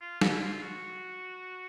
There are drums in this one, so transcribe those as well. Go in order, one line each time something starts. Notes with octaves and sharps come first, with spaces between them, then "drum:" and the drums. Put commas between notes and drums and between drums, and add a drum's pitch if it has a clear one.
F4
E4, drum: snare
F4
F#4